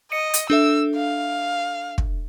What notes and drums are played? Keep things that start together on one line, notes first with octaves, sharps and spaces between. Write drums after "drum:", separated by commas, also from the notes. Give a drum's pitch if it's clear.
D#5 C#7 D#7
drum: hi-hat
D4 A4 E5 E6
F5
drum: kick